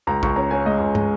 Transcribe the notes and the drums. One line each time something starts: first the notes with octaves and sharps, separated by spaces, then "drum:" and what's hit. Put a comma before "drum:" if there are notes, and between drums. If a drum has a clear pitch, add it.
C#2 A#5
C#2 C#6, drum: kick A#1
C#4 A#5
C#4 G#5
G#3 D#5
C#2
G#3, drum: tom